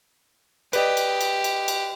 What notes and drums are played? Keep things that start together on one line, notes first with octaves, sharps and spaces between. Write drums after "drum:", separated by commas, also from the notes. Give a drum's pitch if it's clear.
G4 B4 D5 D#5, drum: cymbal
drum: cymbal
drum: cymbal
drum: cymbal
drum: cymbal